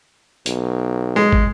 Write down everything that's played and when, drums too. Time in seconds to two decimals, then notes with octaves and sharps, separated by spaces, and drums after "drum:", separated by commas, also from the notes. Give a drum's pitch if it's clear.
0.46 B1, drum: hi-hat
1.16 G#3
1.33 drum: kick